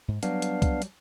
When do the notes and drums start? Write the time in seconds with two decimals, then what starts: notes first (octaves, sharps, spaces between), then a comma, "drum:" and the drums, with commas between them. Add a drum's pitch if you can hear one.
0.08 G#2
0.23 F#3 G3 B3 D4 F5, drum: hi-hat
0.42 drum: hi-hat
0.62 drum: kick, hi-hat
0.82 drum: hi-hat